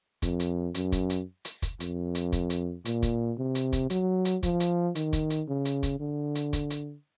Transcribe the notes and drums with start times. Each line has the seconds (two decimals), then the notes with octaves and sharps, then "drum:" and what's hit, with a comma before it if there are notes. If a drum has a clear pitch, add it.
0.22 F2, drum: kick, hi-hat
0.40 drum: hi-hat
0.75 F#2, drum: hi-hat
0.92 drum: kick, hi-hat
1.10 drum: hi-hat
1.45 drum: hi-hat
1.62 drum: kick, hi-hat
1.80 F2, drum: hi-hat
2.15 drum: hi-hat
2.32 drum: kick, hi-hat
2.50 drum: hi-hat
2.85 A#2, drum: hi-hat
3.03 drum: kick, hi-hat
3.38 C3
3.55 drum: hi-hat
3.73 drum: kick, hi-hat
3.90 F#3, drum: hi-hat
4.25 drum: hi-hat
4.43 F3, drum: kick, hi-hat
4.60 drum: hi-hat
4.95 D#3, drum: hi-hat
5.13 drum: kick, hi-hat
5.30 drum: hi-hat
5.48 C#3
5.65 drum: hi-hat
5.83 drum: kick, hi-hat
6.00 D3
6.35 drum: hi-hat
6.53 drum: kick, hi-hat
6.70 drum: hi-hat